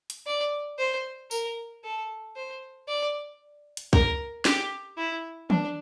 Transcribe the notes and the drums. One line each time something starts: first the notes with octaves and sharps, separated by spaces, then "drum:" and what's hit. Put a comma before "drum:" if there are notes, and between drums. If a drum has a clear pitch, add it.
drum: hi-hat
D5
C5
A#4, drum: tambourine
A4
C5
D5
drum: hi-hat
A#4, drum: kick C2
G4, drum: snare
E4
D4, drum: tom D#3